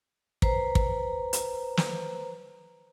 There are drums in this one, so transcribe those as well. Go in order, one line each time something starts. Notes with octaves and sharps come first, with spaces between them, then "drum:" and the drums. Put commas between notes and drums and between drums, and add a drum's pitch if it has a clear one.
B4 C5 A#5, drum: kick
drum: kick
drum: hi-hat
drum: snare